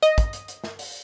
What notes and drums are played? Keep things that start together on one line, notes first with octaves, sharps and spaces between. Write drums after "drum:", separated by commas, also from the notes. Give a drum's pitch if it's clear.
D#5, drum: hi-hat
drum: kick, hi-hat
drum: hi-hat
drum: hi-hat
drum: snare
drum: open hi-hat